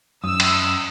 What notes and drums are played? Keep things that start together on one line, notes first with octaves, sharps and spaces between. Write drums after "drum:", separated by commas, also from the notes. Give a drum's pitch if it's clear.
F#2 D#6 E6
drum: cymbal